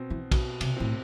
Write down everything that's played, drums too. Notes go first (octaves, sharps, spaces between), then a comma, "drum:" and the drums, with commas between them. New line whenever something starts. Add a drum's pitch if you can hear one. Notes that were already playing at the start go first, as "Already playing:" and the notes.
Already playing: B2 C4
E3
B2 D3, drum: kick, cymbal
C3, drum: cymbal
A2 C4